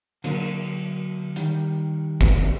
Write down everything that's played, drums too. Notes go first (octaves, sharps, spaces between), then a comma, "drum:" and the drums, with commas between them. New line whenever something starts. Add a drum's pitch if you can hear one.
D3 F#3 A#3 D4, drum: cymbal
D#3 G3, drum: hi-hat
drum: kick